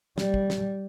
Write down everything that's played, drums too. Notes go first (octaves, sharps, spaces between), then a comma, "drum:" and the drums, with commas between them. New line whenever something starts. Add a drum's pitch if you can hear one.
G3, drum: snare
drum: kick
drum: snare